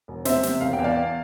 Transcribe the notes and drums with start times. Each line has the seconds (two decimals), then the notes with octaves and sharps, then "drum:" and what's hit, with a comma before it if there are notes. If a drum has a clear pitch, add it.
0.08 E1
0.25 C3 C5 E5, drum: snare
0.43 C3, drum: snare
0.61 E1 F5
0.73 G5
0.79 E2
0.84 D5 F5
0.96 E2